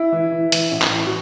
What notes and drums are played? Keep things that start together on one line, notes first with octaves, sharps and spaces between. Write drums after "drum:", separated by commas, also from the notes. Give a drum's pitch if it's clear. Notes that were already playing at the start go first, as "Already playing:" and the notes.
Already playing: E4
E3
E3
E3, drum: hi-hat
A1
drum: clap
E3
F#4